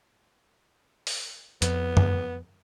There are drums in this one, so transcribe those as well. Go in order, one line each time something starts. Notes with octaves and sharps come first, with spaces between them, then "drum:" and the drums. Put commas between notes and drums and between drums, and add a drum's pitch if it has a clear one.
drum: open hi-hat
F2 B3, drum: hi-hat
drum: tom F#2